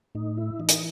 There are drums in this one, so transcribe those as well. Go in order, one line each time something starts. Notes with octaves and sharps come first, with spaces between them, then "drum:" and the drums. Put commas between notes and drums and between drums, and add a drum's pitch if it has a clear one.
A2 D#4
E4
E3 D#4
drum: hi-hat